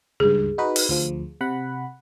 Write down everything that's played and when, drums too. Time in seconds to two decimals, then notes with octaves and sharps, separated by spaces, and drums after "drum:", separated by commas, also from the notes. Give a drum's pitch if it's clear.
0.20 C#2 G2 G#4
0.58 D#4 F#4 B4
0.76 drum: open hi-hat
0.89 D2 F3
1.41 C3 F#5 B5